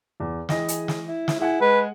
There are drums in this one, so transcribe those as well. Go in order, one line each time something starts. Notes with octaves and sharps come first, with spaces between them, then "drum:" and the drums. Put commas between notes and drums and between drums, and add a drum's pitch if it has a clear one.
E2
E3 G#4 D#5 G5, drum: snare
drum: hi-hat
drum: snare
E4
drum: snare
E4 G#4 F#5 G#5
G#3 B4